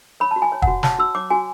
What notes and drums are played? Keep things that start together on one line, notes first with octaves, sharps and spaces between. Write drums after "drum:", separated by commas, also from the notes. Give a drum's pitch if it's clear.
C#5 B5
A5
F#4
G#5
C#5
F#5, drum: kick
F#4
C#5 A5, drum: snare
F#4 E6
C#5 D6
F#4 G#5